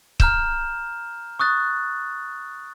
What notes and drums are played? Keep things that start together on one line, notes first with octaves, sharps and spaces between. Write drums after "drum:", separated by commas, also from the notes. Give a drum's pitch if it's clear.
A#5 F6 G6 E7, drum: kick C#1
C#6 D#6 F#6 A6